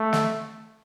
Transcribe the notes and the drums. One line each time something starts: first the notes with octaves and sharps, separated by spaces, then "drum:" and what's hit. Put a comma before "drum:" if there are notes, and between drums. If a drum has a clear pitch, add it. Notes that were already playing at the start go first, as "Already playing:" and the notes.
Already playing: A3
drum: snare